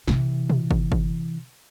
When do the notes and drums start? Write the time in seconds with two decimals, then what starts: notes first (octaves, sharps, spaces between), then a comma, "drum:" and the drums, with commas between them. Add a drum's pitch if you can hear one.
0.08 C3 E3, drum: snare
0.50 drum: tom A#2
0.71 drum: kick
0.92 drum: kick